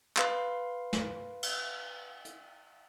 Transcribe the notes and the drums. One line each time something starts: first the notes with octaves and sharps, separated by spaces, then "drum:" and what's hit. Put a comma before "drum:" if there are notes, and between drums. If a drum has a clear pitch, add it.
B4 F5 C6, drum: clap
drum: snare
drum: cymbal
drum: hi-hat